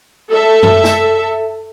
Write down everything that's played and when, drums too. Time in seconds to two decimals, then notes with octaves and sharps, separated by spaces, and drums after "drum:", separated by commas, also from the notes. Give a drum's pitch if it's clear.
0.29 A4 E5
0.63 drum: tom F#2
0.84 drum: snare